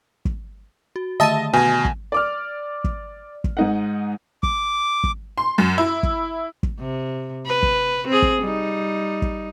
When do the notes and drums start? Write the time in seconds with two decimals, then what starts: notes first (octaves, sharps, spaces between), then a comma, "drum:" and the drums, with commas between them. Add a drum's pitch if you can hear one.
0.25 drum: kick
0.96 F#4
1.20 D3 D#3 A3 D#5 E5 A5 D#7
1.53 B2 G#5
1.85 drum: kick
2.12 D5 D6 F6
2.84 drum: kick
3.44 drum: kick
3.57 G#2 D#4 F#5
4.43 D6, drum: kick
5.04 drum: kick
5.38 C6
5.58 F#2
5.78 E4
6.03 drum: kick
6.63 drum: kick
6.79 C3
7.46 B4
7.63 drum: kick
8.08 C4 G#4
8.22 drum: kick
8.42 G3 D#4
9.22 drum: kick